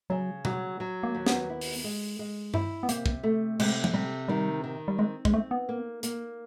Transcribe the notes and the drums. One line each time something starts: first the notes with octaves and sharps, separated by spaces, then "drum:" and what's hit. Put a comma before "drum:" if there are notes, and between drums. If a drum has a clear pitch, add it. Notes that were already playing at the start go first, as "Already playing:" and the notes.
C#3 F#3
F#3, drum: tom B2
F#3
A#3
D#2
B3, drum: snare
E4
drum: open hi-hat
G#3
G#3
E4, drum: tom G2
B3
C3 A#3, drum: hi-hat
drum: kick
A3
C3 G#3, drum: cymbal
drum: tom F3
C3 G3
D#3 G3
D#3
G3
G#3 C4
G#3, drum: kick
A3 C4
B3
A#3
A#3, drum: hi-hat